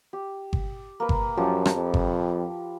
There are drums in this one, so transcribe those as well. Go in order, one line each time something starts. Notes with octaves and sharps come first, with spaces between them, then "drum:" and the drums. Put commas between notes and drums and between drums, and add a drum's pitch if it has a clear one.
G4
drum: kick G1
A#3 B4
drum: kick G1
F#2 F3 G4 A5
drum: rim click
F2
drum: kick G1